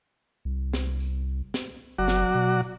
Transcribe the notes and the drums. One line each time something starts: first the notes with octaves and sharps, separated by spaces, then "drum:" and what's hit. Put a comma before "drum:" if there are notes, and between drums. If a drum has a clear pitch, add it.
C2
drum: snare
drum: tambourine
drum: snare
F#1 F#3 F#4 D5
drum: snare
B2
drum: tambourine